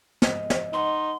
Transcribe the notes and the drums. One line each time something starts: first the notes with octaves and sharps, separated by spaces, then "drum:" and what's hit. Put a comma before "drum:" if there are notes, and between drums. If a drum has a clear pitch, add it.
G#3 D#5, drum: snare
drum: snare
D#4 B4 F#5 C6